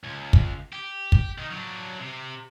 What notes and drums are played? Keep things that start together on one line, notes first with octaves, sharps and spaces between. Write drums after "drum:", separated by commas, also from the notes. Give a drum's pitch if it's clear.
C#2
drum: kick
G4
drum: kick
D#3
F#3 D4
C3